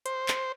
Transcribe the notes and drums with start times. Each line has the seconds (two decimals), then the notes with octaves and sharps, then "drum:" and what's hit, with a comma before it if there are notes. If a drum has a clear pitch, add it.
0.06 C5, drum: hi-hat
0.28 drum: clap